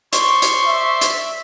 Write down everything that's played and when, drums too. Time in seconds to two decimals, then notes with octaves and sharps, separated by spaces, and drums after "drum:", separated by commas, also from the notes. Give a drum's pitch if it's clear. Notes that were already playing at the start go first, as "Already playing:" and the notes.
0.13 C5 D5 C6 C#6, drum: hi-hat
0.42 drum: hi-hat
0.66 E5
1.01 drum: hi-hat